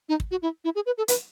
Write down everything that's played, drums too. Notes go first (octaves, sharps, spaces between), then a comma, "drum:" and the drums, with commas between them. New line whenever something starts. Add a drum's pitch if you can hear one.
D#4
drum: kick
F#4
E4
E4
G#4
B4
A4
B4, drum: hi-hat